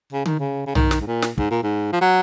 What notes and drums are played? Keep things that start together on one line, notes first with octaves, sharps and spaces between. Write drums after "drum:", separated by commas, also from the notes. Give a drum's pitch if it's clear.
C#3
D#3, drum: tom D3
C#3
C#3
D#3, drum: tom
drum: snare
G#2
A#2
drum: snare
G#2, drum: kick
A#2
G#2
F3
F#3